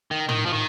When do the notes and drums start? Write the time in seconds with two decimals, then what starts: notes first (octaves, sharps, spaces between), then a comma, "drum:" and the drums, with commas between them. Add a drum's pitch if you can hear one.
0.11 D#3
0.29 D#3, drum: tom
0.46 F3
0.53 D#3